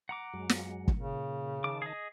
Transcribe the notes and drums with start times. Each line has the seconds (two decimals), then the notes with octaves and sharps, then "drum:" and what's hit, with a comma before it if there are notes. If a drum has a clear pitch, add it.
0.09 F#5 A#5 D6
0.34 F#2 F#3 G#3
0.49 drum: snare
0.88 drum: kick
0.97 A#2 C#3
1.64 D#3 A5 D6
1.82 G#4 D#5